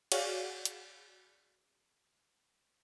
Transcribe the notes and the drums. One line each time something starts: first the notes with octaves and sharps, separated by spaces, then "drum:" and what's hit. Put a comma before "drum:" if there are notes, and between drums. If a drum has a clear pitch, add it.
F#4 G#4 C#5 D5 F5 F#5, drum: cymbal
drum: hi-hat